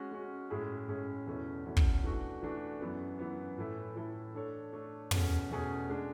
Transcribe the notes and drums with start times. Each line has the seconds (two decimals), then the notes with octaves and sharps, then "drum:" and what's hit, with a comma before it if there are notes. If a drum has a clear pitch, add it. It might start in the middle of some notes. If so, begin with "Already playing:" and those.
Already playing: G#3 C#4 F#4
0.11 G#3 C#4 F#4
0.50 A2 G#3 C#4 E4 G#4
0.88 A2 G#3 C#4 E4 G#4
1.26 E2 B2 A3 C#4 E4
1.65 E2 B2 A3 C#4 E4
1.77 drum: kick
2.04 E3 A3 D4 F#4
2.42 E3 A3 D4 F#4
2.81 F#2 E3 B3
3.19 F#2 E3 B3
3.57 A2 E3 A3 E4 A4
3.96 A2 E3 A3 E4 A4
4.35 A3 D4 A4 C#5
4.73 A3 D4 A4 C#5
5.11 E2 B2 A3 C#4 G#4, drum: tom
5.50 E2 B2 A3 C#4 G#4
5.89 G#3 D4